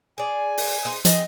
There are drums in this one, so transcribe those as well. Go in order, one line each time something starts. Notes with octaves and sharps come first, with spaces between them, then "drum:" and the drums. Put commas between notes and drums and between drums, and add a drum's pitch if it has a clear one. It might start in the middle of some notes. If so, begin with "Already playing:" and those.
G#4 D5 G#5
drum: open hi-hat
D#4 G#4 C5
F3 C4 G#4 D#5, drum: hi-hat